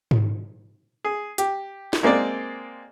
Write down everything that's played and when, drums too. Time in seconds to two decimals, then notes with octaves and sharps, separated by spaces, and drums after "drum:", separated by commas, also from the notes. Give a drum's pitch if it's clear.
0.11 drum: tom G#2
1.04 G#4
1.38 G4, drum: hi-hat
1.93 drum: snare
2.03 G#3 A#3 C4 D5